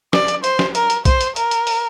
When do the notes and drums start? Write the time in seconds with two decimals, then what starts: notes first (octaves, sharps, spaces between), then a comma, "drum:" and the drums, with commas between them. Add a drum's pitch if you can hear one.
0.13 D5, drum: snare
0.28 drum: hi-hat
0.44 C5, drum: hi-hat
0.59 drum: snare
0.75 A#4, drum: hi-hat
0.90 drum: hi-hat
1.05 C5, drum: kick, hi-hat
1.21 drum: hi-hat
1.36 A#4, drum: hi-hat
1.51 drum: hi-hat
1.67 drum: open hi-hat